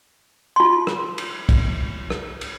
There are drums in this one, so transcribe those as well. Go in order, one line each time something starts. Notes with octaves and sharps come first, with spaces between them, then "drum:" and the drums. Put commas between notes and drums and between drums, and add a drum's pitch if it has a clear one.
F4 C6
drum: rim click
drum: cymbal
drum: kick, cymbal
drum: rim click
drum: cymbal